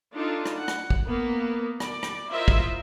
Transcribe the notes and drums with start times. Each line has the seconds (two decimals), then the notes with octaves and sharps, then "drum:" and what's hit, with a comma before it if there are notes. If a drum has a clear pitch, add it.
0.14 D4 D#4 F4 A4
0.46 drum: rim click
0.56 F#5
0.68 drum: rim click
0.90 drum: kick
1.05 A#3 B3
1.80 D5, drum: rim click
2.03 drum: rim click
2.30 E4 F4 A#4 C5 D#5 E5
2.48 drum: kick